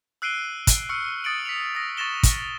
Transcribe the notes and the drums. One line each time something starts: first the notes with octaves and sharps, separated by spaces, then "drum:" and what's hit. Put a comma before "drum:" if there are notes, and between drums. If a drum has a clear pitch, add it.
E6 F#6 C7 D7 D#7 G7
drum: kick, hi-hat
C#6 E6 F6 C#7
D#6 A6 C#7 D7 F#7
B6 C#7 F7
D#6 A#6
C#6 A6 A#6 E7 G7
drum: kick, hi-hat